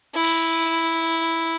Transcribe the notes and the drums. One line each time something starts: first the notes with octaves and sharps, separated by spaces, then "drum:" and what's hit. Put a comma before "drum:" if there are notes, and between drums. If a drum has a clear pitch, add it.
E4
drum: cymbal